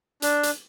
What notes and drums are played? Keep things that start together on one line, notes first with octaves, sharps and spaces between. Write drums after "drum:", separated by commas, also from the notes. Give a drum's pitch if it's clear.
D4, drum: hi-hat
drum: hi-hat